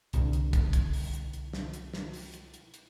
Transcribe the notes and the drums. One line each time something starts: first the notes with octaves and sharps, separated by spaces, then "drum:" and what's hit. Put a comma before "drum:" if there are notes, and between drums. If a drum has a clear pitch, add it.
C2 B2 D3, drum: hi-hat
drum: hi-hat
drum: kick, hi-hat
drum: kick, hi-hat
drum: open hi-hat
drum: hi-hat
drum: hi-hat
drum: snare
drum: hi-hat
drum: snare
drum: open hi-hat
drum: hi-hat
drum: hi-hat
drum: hi-hat